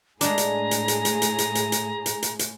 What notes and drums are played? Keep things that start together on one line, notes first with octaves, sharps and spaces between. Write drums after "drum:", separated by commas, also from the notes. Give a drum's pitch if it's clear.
A2 G#3 A3 D4 G#4 A#5, drum: hi-hat
drum: hi-hat
drum: hi-hat
drum: hi-hat
drum: hi-hat
drum: hi-hat
drum: hi-hat
drum: hi-hat
drum: hi-hat
drum: hi-hat
drum: hi-hat
drum: hi-hat